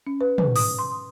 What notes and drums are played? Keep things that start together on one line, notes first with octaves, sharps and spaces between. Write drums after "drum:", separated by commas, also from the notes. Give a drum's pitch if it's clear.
C#4
B4
B4, drum: tom
D#6, drum: open hi-hat
C6